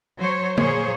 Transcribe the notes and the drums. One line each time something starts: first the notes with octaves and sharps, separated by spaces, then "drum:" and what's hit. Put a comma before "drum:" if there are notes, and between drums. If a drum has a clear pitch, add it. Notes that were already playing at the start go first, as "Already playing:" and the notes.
F#3 C5 C#5
A#2 F3 A#3 G#4 C5 C#5, drum: tom